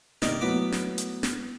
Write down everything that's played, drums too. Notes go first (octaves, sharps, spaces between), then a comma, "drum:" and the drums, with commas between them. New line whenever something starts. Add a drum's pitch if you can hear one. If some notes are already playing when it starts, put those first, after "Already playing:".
C3 D#3 A#3 A#4 D5 D#5, drum: snare
A2 F#3 B3 D6
drum: snare
drum: hi-hat
drum: snare